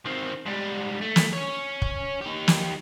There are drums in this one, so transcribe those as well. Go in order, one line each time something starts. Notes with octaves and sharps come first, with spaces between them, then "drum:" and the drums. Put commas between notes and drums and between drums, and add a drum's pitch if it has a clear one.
D#3 C4
G#2 G3
A3
drum: snare
C#4 C#5
drum: kick
D#4 G4
drum: snare